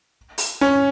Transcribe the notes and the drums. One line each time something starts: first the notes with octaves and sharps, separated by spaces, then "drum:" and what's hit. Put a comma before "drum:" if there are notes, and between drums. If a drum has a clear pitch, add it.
drum: open hi-hat
C#4